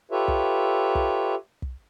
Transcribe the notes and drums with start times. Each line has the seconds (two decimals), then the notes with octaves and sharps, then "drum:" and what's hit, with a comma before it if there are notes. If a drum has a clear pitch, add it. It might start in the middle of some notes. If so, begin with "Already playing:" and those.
0.11 F4 G4 A4 B4 C#5 E5
0.28 drum: kick
0.95 drum: kick
1.62 drum: kick